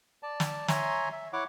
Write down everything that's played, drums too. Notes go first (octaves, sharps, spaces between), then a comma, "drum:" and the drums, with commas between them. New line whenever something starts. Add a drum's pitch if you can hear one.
D5 A5
drum: snare
C#5 E5 G#5 A#5 C6, drum: snare
E5
E4 C#5 F#5 D6